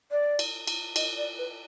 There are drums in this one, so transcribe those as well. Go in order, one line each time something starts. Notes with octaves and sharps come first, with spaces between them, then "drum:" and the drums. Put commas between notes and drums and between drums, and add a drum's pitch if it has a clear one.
D5
drum: cymbal
drum: cymbal
D#5, drum: cymbal
D5
B4